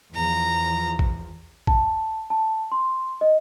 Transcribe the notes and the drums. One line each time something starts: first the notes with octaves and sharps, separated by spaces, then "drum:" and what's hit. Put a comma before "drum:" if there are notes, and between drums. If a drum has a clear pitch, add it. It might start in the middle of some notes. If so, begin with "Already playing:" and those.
E2 F3 A#5
drum: kick
A5, drum: kick
A5
C6
D#5